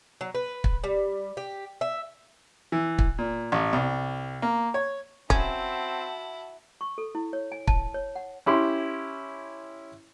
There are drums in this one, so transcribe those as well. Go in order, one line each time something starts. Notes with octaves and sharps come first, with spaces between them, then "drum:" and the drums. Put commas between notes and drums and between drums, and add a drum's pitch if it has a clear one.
F#3
B4
drum: kick
G3
G4
E5
E3
drum: kick
A#2
A1
C2
A#3
C#5
C4 C#4 E4 F#4 A5, drum: kick
C#6
A4
E4
C#5
G#5
A5, drum: kick
C#5
F#5
C#4 E4 G4 C6